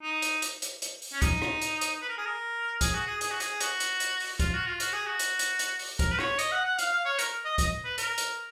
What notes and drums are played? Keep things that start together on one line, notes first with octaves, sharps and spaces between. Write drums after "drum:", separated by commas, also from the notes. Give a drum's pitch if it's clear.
D#4
drum: hi-hat
drum: hi-hat
drum: hi-hat
drum: hi-hat
drum: open hi-hat
C#4
D#4, drum: kick, hi-hat
drum: rim click
drum: hi-hat
drum: hi-hat
B4
A#4
G#4
A#4
G#4, drum: kick, hi-hat
F#4
G#4
G#4, drum: hi-hat
F#4
G#4, drum: hi-hat
F#4, drum: hi-hat
drum: hi-hat
drum: hi-hat
drum: open hi-hat
F4, drum: kick, hi-hat
F#4
F4
F#4, drum: hi-hat
G#4
F#4
drum: hi-hat
drum: hi-hat
drum: hi-hat
drum: open hi-hat
A#4, drum: kick, hi-hat
B4
C#5, drum: rim click
D#5, drum: hi-hat
F#5
F#5
F5, drum: hi-hat
F5
C#5
A#4, drum: hi-hat
D#5
D#5, drum: kick, hi-hat
B4
A#4, drum: hi-hat
drum: hi-hat